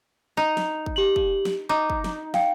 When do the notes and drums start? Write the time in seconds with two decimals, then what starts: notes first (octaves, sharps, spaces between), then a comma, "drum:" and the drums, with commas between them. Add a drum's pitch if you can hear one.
0.37 D#4 F7
0.57 drum: snare
0.86 drum: kick
0.96 G4 F#7
1.16 drum: kick
1.45 drum: snare
1.69 D#4 D6
1.90 drum: kick
2.04 drum: snare
2.34 F5 G5, drum: snare